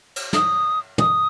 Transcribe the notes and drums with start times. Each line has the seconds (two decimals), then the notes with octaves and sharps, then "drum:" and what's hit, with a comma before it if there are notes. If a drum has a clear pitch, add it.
0.16 drum: cymbal
0.33 D#6, drum: snare
0.98 D#6, drum: tom